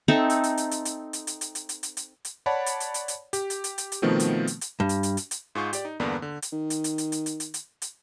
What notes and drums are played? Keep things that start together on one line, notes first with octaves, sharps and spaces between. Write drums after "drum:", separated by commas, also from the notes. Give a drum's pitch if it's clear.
C4 D#4 A4 E5
drum: hi-hat
drum: hi-hat
drum: hi-hat
drum: hi-hat
drum: hi-hat
drum: hi-hat
drum: hi-hat
drum: hi-hat
drum: hi-hat
drum: hi-hat
drum: hi-hat
drum: hi-hat
drum: hi-hat
C#5 D5 F#5 A5 B5
drum: hi-hat
drum: hi-hat
drum: hi-hat
drum: hi-hat
G4, drum: hi-hat
drum: hi-hat
drum: hi-hat
drum: hi-hat
drum: hi-hat
B2 D#3 F3 A3 B3 C4
drum: hi-hat
drum: hi-hat
drum: hi-hat
G2
drum: hi-hat
drum: hi-hat
drum: hi-hat
drum: hi-hat
G#2 F4 G#4 C#6 G6
G4 D5, drum: hi-hat
D#4
E2 G2 D3 A#3 B3 D4
D3
drum: hi-hat
D#3
drum: hi-hat
drum: hi-hat
drum: hi-hat
drum: hi-hat
drum: hi-hat
drum: hi-hat
drum: hi-hat
drum: hi-hat